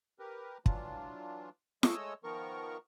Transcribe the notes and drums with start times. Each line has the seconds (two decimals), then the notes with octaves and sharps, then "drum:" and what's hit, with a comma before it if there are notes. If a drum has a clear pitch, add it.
0.19 G4 A#4 B4
0.66 E3 F#3 D4 F4, drum: kick
1.83 G#3 A3 C#5 D#5 E6, drum: snare
2.24 D#3 F3 B3 A#4 C#6